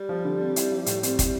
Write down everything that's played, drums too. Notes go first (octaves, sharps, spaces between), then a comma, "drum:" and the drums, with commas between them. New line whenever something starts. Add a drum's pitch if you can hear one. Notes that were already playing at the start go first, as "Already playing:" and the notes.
Already playing: G3
F3
D3
C4
E4, drum: hi-hat
F3
A2, drum: hi-hat
C4, drum: hi-hat
E4, drum: kick, hi-hat